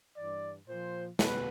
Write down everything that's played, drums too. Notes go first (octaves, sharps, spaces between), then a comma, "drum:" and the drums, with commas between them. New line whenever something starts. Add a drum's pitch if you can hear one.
G2 E3 D5
A#2 F3 C5
B2 B4, drum: snare